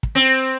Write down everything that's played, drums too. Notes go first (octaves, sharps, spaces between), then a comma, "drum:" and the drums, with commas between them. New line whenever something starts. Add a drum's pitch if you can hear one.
drum: kick
C4